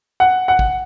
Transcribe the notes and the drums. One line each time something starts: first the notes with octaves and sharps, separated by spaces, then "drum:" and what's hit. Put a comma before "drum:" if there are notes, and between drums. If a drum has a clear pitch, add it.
F#5
F#5
drum: kick